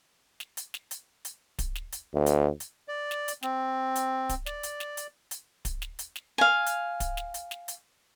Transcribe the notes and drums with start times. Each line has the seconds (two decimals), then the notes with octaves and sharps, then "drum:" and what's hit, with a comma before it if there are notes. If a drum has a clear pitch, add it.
0.40 drum: snare
0.57 drum: hi-hat
0.74 drum: snare
0.91 drum: hi-hat
1.25 drum: hi-hat
1.59 drum: kick D1, hi-hat
1.75 drum: snare
1.92 drum: hi-hat
2.13 D2
2.26 drum: hi-hat
2.60 drum: hi-hat
2.88 D5
3.11 drum: snare
3.28 drum: hi-hat
3.43 C4, drum: snare
3.96 drum: hi-hat
4.29 drum: kick D1, hi-hat
4.46 D5, drum: snare
4.63 drum: hi-hat
4.80 drum: snare
4.97 drum: hi-hat
5.31 drum: hi-hat
5.65 drum: kick D1, hi-hat
5.82 drum: snare
5.99 drum: hi-hat
6.16 drum: snare
6.38 F5 G#5
6.66 drum: hi-hat
7.00 drum: kick D1, hi-hat
7.17 drum: snare
7.34 drum: hi-hat
7.51 drum: snare
7.68 drum: hi-hat